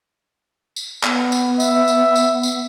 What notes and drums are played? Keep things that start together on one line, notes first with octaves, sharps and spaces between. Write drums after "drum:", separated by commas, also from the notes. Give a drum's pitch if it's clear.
drum: tambourine
B3, drum: clap
drum: tambourine
E5, drum: tambourine
drum: tambourine
drum: tambourine
drum: tambourine